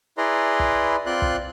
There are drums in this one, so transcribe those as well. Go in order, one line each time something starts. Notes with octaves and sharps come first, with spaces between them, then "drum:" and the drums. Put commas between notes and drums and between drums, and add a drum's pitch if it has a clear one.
E4 G#4 B4 D5 A#5 C6
drum: kick
C4 F4 D5 C6 F#6
drum: kick